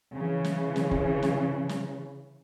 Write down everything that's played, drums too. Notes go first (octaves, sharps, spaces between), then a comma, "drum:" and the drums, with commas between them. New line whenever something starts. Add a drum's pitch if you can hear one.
C#3 E3
drum: snare
drum: snare
drum: kick F1
drum: snare
drum: snare